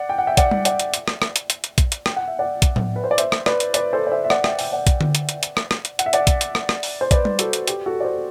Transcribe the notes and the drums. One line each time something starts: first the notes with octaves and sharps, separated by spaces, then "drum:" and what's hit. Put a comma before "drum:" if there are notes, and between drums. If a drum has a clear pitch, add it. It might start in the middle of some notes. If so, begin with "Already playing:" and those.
Already playing: D5 F#5
G5
F#5
E5 G5
D5 F#5, drum: kick A#1, hi-hat
drum: tom G3
D5 F#5, drum: hi-hat
drum: hi-hat
drum: hi-hat
drum: rim click
drum: rim click
drum: hi-hat
drum: hi-hat
drum: hi-hat
drum: kick A#1, hi-hat
drum: hi-hat
G5, drum: rim click
F#5
E5
D5 F#5
drum: kick A#1, hi-hat
drum: tom A2
B4
C5
D5
C5 E5, drum: hi-hat
drum: rim click
B4 D5, drum: rim click
drum: hi-hat
B4 D5, drum: hi-hat
A4 C5
D5
C5 E5
E5
D5 F#5, drum: rim click
E5 G5, drum: rim click
E5 G5, drum: open hi-hat
D5 F#5
drum: kick A#1, hi-hat
drum: tom D3
drum: hi-hat
drum: hi-hat
drum: hi-hat
drum: rim click
drum: rim click
drum: hi-hat
F#5, drum: hi-hat
E5
D5 F#5, drum: hi-hat
drum: kick A#1, hi-hat
drum: hi-hat
drum: rim click
drum: rim click
drum: open hi-hat
C5
B4 D5, drum: kick A#1, hi-hat
drum: tom G3
F#4 A4, drum: hi-hat
drum: hi-hat
G4, drum: hi-hat
F#4 A4
D5
A4 C5